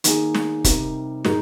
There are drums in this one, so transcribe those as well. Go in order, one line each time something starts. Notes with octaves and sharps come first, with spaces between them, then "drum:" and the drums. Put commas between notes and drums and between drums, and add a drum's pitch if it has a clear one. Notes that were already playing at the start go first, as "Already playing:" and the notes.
D#3 A#3 D#4 G#4, drum: hi-hat
drum: snare
C3 G3 C4 D#4 A#4, drum: kick, hi-hat
A#2 G#3 D#4 A#4, drum: snare